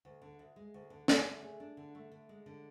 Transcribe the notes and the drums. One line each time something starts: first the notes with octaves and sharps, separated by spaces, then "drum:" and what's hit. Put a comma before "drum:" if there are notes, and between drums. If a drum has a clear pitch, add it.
D2
D3
D2
G#3
D2
D3
D3, drum: snare
A3
G#4
D4
D3
A3
D3
G#3
D3